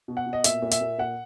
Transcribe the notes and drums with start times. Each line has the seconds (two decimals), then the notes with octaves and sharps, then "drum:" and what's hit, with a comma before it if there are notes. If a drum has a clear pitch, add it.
0.08 B2
0.17 F#5
0.26 B2
0.33 D#5
0.44 A#2 E5, drum: hi-hat
0.62 A#2
0.71 E5, drum: hi-hat
0.81 A#2
0.98 A#2 F#5